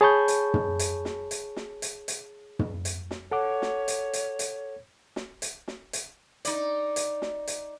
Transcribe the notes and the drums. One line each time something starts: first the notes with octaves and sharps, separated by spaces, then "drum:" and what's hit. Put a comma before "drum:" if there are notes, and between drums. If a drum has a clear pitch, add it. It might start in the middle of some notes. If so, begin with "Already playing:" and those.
G#4 C#5 A5 B5 C#6 G6
drum: hi-hat
drum: tom
drum: hi-hat
drum: snare
drum: hi-hat
drum: snare
drum: hi-hat
drum: hi-hat
drum: tom
drum: hi-hat
drum: snare
A4 C#5 F#5 D6
drum: snare
drum: hi-hat
drum: hi-hat
drum: hi-hat
drum: snare
drum: hi-hat
drum: snare
drum: hi-hat
D#4 D5, drum: hi-hat
drum: hi-hat
drum: snare
drum: hi-hat